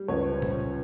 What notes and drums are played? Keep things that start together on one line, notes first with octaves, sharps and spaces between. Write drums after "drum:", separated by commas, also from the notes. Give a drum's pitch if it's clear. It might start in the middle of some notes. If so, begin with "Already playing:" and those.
Already playing: G3
C#2 B4 C#5
C5
drum: tom A#2